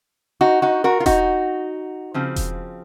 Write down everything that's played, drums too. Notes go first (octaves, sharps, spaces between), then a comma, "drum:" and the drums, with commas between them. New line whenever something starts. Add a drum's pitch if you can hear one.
D#4 F#4
D#4 F#4
F#4 A#4
F4
D#4 F#4, drum: kick E1, hi-hat
C#3 F3 C4
drum: kick E1, hi-hat